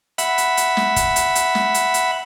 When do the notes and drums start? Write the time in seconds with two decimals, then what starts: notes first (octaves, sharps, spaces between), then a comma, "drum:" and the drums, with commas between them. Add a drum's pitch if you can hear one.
0.18 E5 F#5 B5, drum: hi-hat
0.38 drum: hi-hat
0.57 drum: hi-hat
0.77 drum: snare
0.96 drum: kick, hi-hat
1.16 drum: hi-hat
1.35 drum: hi-hat
1.55 drum: snare
1.74 drum: hi-hat
1.94 drum: hi-hat